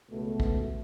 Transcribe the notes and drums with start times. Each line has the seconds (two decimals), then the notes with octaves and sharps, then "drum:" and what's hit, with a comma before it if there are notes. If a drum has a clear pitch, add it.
0.11 C#2 B2 A3
0.40 drum: kick